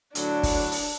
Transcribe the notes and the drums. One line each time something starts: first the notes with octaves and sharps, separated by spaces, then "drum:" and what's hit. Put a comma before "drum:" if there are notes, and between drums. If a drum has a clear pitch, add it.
A2 D3 F#3 D4, drum: hi-hat
drum: kick, open hi-hat
drum: open hi-hat